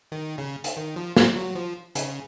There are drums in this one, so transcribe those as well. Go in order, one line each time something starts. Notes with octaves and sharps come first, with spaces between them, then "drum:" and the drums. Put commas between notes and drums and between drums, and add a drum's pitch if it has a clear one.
D#3
C#3
drum: hi-hat
D#3
F3
F3, drum: snare
F#3
F3
C#3, drum: hi-hat